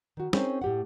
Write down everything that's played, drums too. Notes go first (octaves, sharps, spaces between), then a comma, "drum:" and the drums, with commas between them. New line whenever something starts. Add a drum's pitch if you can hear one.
D#3 F#4
C4 C#4 D#4 G#4 A#4 C5, drum: snare
A2 G4 F#5